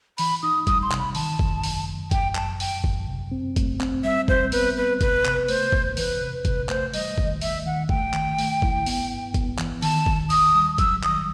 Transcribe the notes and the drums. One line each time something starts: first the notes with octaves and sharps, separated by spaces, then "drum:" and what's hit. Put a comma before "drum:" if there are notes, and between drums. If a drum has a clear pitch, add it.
E3 B5, drum: open hi-hat
D#4 D#6
G3 D#6, drum: kick, hi-hat
C6
C3, drum: clap
B5
D#3 A5, drum: open hi-hat
F#2, drum: kick
F#2, drum: open hi-hat
F#2
F#2 G5, drum: kick, hi-hat
F#2 A5, drum: clap
F#2 G5, drum: open hi-hat
F#2, drum: kick
C3
C4
A3, drum: kick, hi-hat
C4, drum: clap
G3 E5
G3 C5, drum: kick
B3 B4, drum: open hi-hat
B3 B4
C3 B4, drum: kick, hi-hat
C3, drum: clap
A3 C5, drum: open hi-hat
E2, drum: kick
E3 B4, drum: open hi-hat
C3
C3 B4, drum: kick, hi-hat
A3 C5, drum: clap
G3 D#5, drum: open hi-hat
D#3, drum: kick
D#2 E5, drum: open hi-hat
D#3 F#5
A3 G5, drum: kick
D#3, drum: clap
A3, drum: open hi-hat
E4, drum: kick
B3, drum: open hi-hat
G2
B3, drum: kick, hi-hat
E3, drum: clap
D#3 A5, drum: open hi-hat
D#2, drum: kick
D#2 D#6, drum: open hi-hat
G3
F#3 E6, drum: kick, hi-hat
D#3 D#6, drum: clap